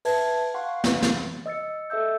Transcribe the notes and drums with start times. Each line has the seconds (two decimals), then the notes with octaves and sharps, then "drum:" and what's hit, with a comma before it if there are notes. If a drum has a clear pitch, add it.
0.05 B4 E5 A5 G#6, drum: open hi-hat
0.54 F5 F#5 C6 C#6
0.84 drum: snare
1.02 A6, drum: snare
1.46 D#5 E6 A6 C#7
1.90 A4 E5 E6 G6